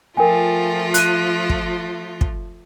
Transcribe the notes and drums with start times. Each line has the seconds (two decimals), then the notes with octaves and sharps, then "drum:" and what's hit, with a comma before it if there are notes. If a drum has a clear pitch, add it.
0.17 F3 A3 F4 A#4 G5 G#5
0.94 F#6 D#7, drum: hi-hat
1.50 drum: kick
2.21 drum: kick